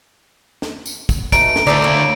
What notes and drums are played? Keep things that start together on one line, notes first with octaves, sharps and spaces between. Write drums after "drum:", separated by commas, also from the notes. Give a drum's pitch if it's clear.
drum: snare
drum: tambourine
drum: kick, tambourine
B2 A3 D#4 A#5 D7, drum: kick, tambourine
drum: snare
D2 E3 A4 D5 A#5 D6 G6
A#3 E4
C#5